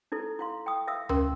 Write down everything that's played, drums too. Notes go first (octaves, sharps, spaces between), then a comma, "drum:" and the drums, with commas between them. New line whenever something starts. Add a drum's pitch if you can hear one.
D#4 E4 A4
E4 F5 C6
G5 D#6
E5 F5 D#6 E6
C#4 A#4 D#5 C6 D#6, drum: tom D2